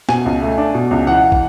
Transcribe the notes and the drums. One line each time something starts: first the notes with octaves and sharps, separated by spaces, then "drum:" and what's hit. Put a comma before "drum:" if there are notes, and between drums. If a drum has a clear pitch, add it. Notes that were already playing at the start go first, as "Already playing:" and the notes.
B2 G#5, drum: snare
C#2
A3
D4
B2
C#2
E3 F#5
drum: kick